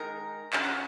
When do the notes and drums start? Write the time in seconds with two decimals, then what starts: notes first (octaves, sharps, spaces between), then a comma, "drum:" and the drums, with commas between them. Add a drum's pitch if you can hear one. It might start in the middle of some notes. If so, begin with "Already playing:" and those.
Already playing: D#3 G#3 D#4 A#4
0.53 C#3 F#3 C#4 F4 F5, drum: clap
0.63 F#5